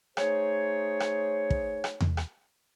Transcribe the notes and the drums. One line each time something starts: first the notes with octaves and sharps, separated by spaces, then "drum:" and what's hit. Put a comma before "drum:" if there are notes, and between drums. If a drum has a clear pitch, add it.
A3 D#4 G#4 C5 C#5, drum: rim click
drum: rim click
drum: kick
drum: rim click
drum: tom E2
drum: rim click